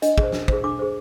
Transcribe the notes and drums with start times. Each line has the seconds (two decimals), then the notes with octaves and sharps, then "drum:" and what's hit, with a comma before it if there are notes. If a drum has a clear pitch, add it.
0.02 D4 D#5, drum: hi-hat
0.18 G#4, drum: kick
0.23 C5
0.32 D4, drum: snare
0.48 G#4 C5, drum: kick
0.63 D4 D6
0.79 G#4 C5